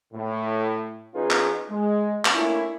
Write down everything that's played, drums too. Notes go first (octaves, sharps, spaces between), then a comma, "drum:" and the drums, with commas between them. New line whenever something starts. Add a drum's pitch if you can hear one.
A2
E3 C#4 D#4 F4 G#4 B4
drum: clap
G#3
drum: clap
A3 A#3 C#4 D4 E4